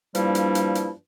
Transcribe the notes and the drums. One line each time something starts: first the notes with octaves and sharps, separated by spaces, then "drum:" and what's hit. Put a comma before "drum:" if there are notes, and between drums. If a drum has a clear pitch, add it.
G2 F3 G3 A#3 D4 E4, drum: hi-hat
drum: hi-hat
drum: hi-hat
drum: hi-hat